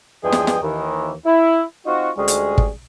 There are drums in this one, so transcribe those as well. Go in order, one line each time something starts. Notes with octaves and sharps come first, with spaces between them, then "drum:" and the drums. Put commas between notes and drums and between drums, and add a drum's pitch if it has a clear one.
E2 G2 F3 G#4 D#5 G5
drum: snare
drum: snare
D#2 D#3 E3
E4
C4 D#4 F4 F#4
D2 G3 G#3 C#4 G#4
drum: hi-hat
drum: kick